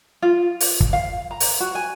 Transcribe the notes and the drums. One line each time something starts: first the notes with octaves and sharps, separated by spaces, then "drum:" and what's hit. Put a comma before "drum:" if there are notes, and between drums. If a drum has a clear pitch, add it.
F4
drum: open hi-hat
drum: kick
F5
A#5
drum: open hi-hat
F#4
G#5